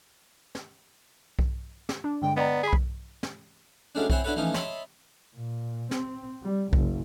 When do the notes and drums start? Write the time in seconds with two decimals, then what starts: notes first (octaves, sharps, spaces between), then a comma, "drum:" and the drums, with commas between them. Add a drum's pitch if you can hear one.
0.55 drum: snare
1.39 drum: kick B1
1.89 drum: snare
2.04 D4
2.22 G2 D3 G#3 G5
2.37 B3 D5 D#5 G5 A#5
2.63 G#4 B5 B6
2.73 drum: kick B1
3.23 drum: snare
3.95 A2 F#3 G#3 A3 C#4 D4
4.10 C4 E4 C5 C#5 F#5 G#5, drum: kick B1
4.24 D4 E4 F#4 A4 B4 C#5
4.36 E3 F3 A3 C#4 D#4
4.54 C#5 D#5 E5 A5 B5 C6, drum: snare
5.35 A#2
5.91 C4, drum: snare
6.43 G3
6.73 F#1, drum: kick B1